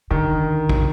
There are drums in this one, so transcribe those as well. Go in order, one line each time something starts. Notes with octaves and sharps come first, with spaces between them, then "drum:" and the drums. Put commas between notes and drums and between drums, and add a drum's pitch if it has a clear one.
D3 D#3
drum: kick A1